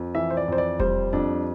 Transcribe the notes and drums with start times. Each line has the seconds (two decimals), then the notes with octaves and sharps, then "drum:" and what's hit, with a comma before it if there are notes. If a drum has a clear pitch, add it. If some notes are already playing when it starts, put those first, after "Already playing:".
Already playing: F2
0.15 E3 E5
0.30 C5
0.37 D5
0.48 F2 C5
0.58 D5
0.80 G3 C5, drum: kick E1
1.13 F2 D4